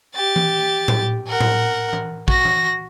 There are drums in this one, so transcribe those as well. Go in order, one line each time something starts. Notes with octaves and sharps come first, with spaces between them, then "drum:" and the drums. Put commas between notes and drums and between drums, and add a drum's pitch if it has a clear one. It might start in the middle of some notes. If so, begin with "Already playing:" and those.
G4 A6
drum: tom E3
drum: tom A2
A#4 F#5
drum: tom A2
drum: tom E3
F#4 A#6, drum: kick A1
drum: tom E3